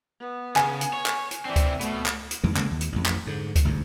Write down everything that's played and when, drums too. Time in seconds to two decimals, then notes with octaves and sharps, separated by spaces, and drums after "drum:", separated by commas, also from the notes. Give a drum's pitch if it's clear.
0.20 B3
0.56 C#3 G#5, drum: clap
0.81 drum: hi-hat
0.93 C#5
1.06 drum: clap
1.31 drum: hi-hat
1.45 E3 C4 D4 E5
1.56 drum: kick C#2, hi-hat
1.81 B2 A3, drum: hi-hat
2.06 drum: clap
2.31 drum: hi-hat
2.44 F2 G#2 E3
2.57 C#3 G#3 A#3, drum: clap
2.71 D#2
2.81 drum: hi-hat
2.92 A1 F2
3.06 drum: clap
3.27 G#2 D3
3.56 drum: kick C#2, hi-hat
3.65 G1 D2 G#2